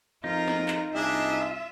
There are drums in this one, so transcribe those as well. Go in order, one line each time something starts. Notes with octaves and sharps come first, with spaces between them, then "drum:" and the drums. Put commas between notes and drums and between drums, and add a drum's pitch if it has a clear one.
F2 D#4 F4 A#4
drum: snare
drum: clap
C2 D4 F4 G#4 D#5 E5